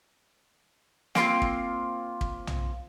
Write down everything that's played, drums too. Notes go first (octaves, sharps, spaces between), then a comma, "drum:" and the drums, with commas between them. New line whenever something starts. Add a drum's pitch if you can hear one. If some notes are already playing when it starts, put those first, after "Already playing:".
A#3 C4 E4 F4, drum: snare
drum: kick
drum: kick
drum: tom B1